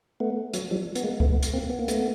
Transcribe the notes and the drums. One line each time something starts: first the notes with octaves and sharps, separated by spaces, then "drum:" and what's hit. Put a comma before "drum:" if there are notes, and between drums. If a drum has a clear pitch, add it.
A3 B3
F#3, drum: hi-hat
F3 G3
B3, drum: hi-hat
G#3 A#3
A3 B3, drum: kick C#2
drum: hi-hat
A#3 C4
B3
A#3
A3 B3, drum: hi-hat